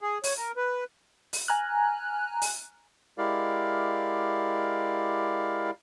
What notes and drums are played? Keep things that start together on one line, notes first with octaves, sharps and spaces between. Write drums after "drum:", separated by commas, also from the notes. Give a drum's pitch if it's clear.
G#4
C#5, drum: open hi-hat
A#4
B4
drum: open hi-hat
G#5 A#5 F6 F#6
drum: open hi-hat
G#3 E4 G4 A#4 D5 F5